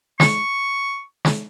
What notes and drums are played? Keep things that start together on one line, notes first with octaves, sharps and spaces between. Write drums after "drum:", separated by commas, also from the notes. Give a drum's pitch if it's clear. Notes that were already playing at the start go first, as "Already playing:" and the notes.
C#6, drum: snare
drum: snare